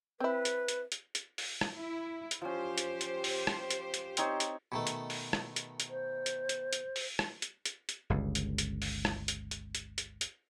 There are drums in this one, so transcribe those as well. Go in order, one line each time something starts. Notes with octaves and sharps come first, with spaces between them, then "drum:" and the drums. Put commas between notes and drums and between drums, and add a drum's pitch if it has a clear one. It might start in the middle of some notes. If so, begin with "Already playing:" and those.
C4 E4 B4
drum: hi-hat
drum: hi-hat
drum: hi-hat
drum: hi-hat
drum: open hi-hat
drum: rim click
E4
drum: hi-hat
F3 C#4 G4 C5
drum: hi-hat
drum: hi-hat
drum: open hi-hat
drum: rim click
drum: hi-hat
drum: hi-hat
C4 D#4 C#5, drum: hi-hat
drum: hi-hat
B2 D#3 A3
drum: hi-hat
drum: open hi-hat
drum: rim click
drum: hi-hat
drum: hi-hat
C5
drum: hi-hat
drum: hi-hat
drum: hi-hat
drum: open hi-hat
drum: rim click
drum: hi-hat
drum: hi-hat
drum: hi-hat
G1 C#2
drum: hi-hat
drum: hi-hat
drum: open hi-hat
drum: rim click
drum: hi-hat
drum: hi-hat
drum: hi-hat
drum: hi-hat
drum: hi-hat